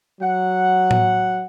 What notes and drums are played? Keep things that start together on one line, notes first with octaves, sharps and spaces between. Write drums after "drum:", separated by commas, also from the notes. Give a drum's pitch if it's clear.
F#3 F#5
drum: tom A2